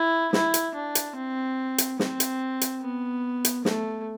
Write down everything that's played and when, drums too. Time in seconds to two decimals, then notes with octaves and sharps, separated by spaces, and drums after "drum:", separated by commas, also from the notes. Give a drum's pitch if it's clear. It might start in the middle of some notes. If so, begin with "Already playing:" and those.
Already playing: E4
0.33 E4, drum: snare
0.54 drum: hi-hat
0.75 D4
0.95 drum: hi-hat
1.16 C4
1.78 drum: hi-hat
1.99 C4, drum: snare
2.20 drum: hi-hat
2.61 drum: hi-hat
2.82 B3
3.45 drum: hi-hat
3.65 A3, drum: snare